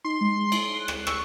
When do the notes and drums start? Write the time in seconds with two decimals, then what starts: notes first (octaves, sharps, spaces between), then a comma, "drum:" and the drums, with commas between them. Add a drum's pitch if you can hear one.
0.05 D#4 C6
0.21 G#3
0.52 E4, drum: cymbal
0.76 F#6
0.88 drum: rim click
1.07 C#6 E6, drum: rim click